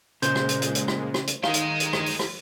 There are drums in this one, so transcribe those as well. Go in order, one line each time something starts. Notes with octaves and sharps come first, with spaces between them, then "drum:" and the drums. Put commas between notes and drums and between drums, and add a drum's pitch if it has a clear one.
A#2 C#3 G#3 C5, drum: hi-hat
drum: rim click
drum: hi-hat
drum: hi-hat
drum: hi-hat
drum: rim click
drum: rim click
drum: hi-hat
D#3 D#4 G#4 F5 C6, drum: rim click
drum: hi-hat
drum: hi-hat
drum: rim click
drum: open hi-hat
drum: rim click